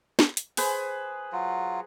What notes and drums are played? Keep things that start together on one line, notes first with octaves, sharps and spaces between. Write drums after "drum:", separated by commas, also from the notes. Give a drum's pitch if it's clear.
drum: snare
drum: hi-hat
G#4 B4 C5, drum: open hi-hat
F#3 F4